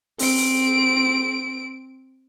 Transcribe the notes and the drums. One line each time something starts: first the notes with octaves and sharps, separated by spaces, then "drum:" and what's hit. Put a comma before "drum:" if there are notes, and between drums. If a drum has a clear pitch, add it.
C4 D7, drum: open hi-hat
drum: open hi-hat